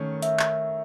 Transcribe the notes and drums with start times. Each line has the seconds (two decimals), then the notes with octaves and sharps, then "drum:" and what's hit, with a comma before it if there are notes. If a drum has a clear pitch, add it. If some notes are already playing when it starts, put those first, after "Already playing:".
Already playing: D#3 A3 C#4
0.22 E5, drum: hi-hat
0.40 drum: clap